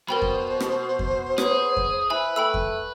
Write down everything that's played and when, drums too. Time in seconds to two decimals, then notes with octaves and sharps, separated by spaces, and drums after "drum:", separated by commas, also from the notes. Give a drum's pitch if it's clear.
0.09 B2 A#4 C5 G5 B5
0.22 drum: kick F2
0.60 drum: rim click
0.99 drum: kick F2
1.38 B3 G#4 C#5, drum: rim click
1.77 drum: kick F2
2.10 E4 B4 G#5 B5
2.36 A3 G5 B5 E6
2.54 drum: kick F2